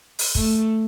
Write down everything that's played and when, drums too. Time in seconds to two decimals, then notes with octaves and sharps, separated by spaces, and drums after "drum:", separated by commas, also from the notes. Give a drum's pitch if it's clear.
0.19 drum: open hi-hat
0.35 A3, drum: kick